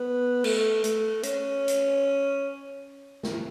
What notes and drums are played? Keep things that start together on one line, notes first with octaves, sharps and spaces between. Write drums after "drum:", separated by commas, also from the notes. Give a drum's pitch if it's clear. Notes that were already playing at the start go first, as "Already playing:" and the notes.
Already playing: B3
A3, drum: cymbal
A3, drum: hi-hat
C#4, drum: hi-hat
drum: hi-hat
drum: snare